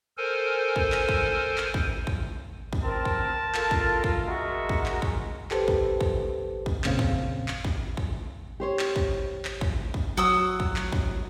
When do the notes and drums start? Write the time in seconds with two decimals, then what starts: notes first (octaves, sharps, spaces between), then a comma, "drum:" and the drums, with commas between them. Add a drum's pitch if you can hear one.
0.17 A4 A#4 C5 G#5
0.76 drum: kick
0.92 drum: clap
1.09 drum: kick
1.58 drum: clap
1.74 drum: kick
2.07 drum: kick
2.73 drum: kick
2.83 C4 A#4 A5
3.05 drum: kick
3.55 F4 A4 A#4, drum: clap
3.71 drum: kick
4.04 drum: kick
4.27 G#3 F#4 A#4 E5
4.69 drum: kick
4.86 drum: clap
5.02 drum: kick
5.51 G4 A4 B4 C5, drum: clap
5.68 drum: kick
6.01 drum: kick
6.66 drum: kick
6.84 F2 A#2 C#3 C4 F5, drum: clap
6.99 drum: kick
7.48 drum: clap
7.65 drum: kick
7.97 drum: kick
8.60 G4 C5 C#5
8.79 drum: clap
8.96 drum: kick
9.45 drum: clap
9.61 drum: kick
9.94 drum: kick
10.17 F#3 F#4 D#6 E6
10.60 drum: kick
10.76 drum: clap
10.92 drum: kick